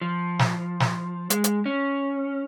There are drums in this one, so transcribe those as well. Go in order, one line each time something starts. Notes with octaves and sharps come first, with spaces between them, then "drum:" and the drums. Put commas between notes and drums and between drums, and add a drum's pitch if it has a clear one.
F3
drum: snare
drum: snare
G#3, drum: hi-hat
drum: hi-hat
C#4